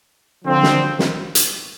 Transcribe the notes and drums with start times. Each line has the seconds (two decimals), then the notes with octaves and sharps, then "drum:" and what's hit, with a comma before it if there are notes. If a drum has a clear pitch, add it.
0.45 D3 F3 C4
0.63 drum: snare
0.99 drum: snare
1.35 drum: hi-hat